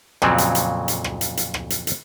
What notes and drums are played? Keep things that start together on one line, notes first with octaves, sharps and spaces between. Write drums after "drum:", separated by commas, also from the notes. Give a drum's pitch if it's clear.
F2 A#2 C#3 F#3 C4, drum: rim click
drum: hi-hat
drum: hi-hat
drum: hi-hat
drum: rim click
drum: hi-hat
drum: hi-hat
drum: rim click
drum: hi-hat
drum: hi-hat